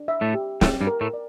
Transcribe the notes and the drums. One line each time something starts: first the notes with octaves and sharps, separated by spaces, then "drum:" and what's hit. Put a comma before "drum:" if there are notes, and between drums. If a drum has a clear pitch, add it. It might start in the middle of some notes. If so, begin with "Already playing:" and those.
Already playing: D4
E5
A2 A3
G4
A2 A3 G5, drum: snare
G2 G3
A#4
A2 A3
D5